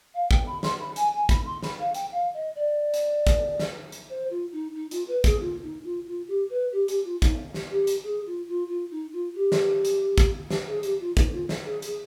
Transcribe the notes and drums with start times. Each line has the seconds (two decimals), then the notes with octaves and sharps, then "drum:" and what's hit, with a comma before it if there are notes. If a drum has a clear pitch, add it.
0.14 F5
0.31 G5, drum: kick
0.47 B5
0.63 C6, drum: snare
0.80 B5
0.96 G#5, drum: hi-hat
1.13 G#5
1.29 B5, drum: kick, hi-hat
1.46 C6
1.62 B5, drum: snare
1.79 F5
1.94 G5, drum: hi-hat
2.12 F5
2.34 D#5
2.55 D5
2.94 drum: hi-hat
3.27 drum: kick, hi-hat
3.59 drum: snare
3.92 drum: hi-hat
4.09 C5
4.30 F4
4.52 D#4
4.75 D#4
4.91 F4, drum: hi-hat
5.08 B4
5.24 G#4, drum: kick, hi-hat
5.41 F4
5.63 D#4
5.84 F4
6.06 F4
6.28 G4
6.50 B4
6.72 G4
6.88 G4, drum: hi-hat
7.04 F4
7.22 D#4, drum: kick, hi-hat
7.54 drum: snare
7.70 G4
7.87 drum: hi-hat
8.03 G#4
8.26 F4
8.48 F4
8.70 F4
8.91 D#4
9.13 F4
9.35 G4
9.52 drum: snare
9.85 drum: hi-hat
10.18 drum: kick, hi-hat
10.50 drum: snare
10.67 G#4
10.83 G4, drum: hi-hat
11.00 F4
11.17 D#4, drum: kick, hi-hat
11.33 F4
11.49 drum: snare
11.66 G#4
11.82 G#4, drum: hi-hat